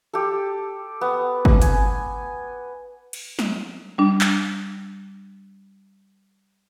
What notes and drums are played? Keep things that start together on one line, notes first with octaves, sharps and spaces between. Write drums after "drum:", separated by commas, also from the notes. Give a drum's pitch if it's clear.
G4 A4
B3
drum: kick G1
G#5, drum: hi-hat
drum: cymbal
drum: snare
G3 D4
drum: clap